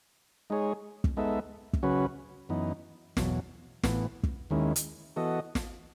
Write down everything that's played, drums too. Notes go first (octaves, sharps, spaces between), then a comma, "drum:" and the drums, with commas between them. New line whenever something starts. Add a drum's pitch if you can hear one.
G#3 D#4 G#4 C#5
drum: kick
G#3 B3 D#4 A4 E5
drum: kick
C#3 F#3 C#4 F#4 B4
F#2 E3 B3 D#4
E2 B2 F#3, drum: snare
A2 E3 B3, drum: snare
drum: kick
D#2 D#3 G#3 C#4 E4
drum: hi-hat
E3 B3 F#4 A4 D#5
drum: snare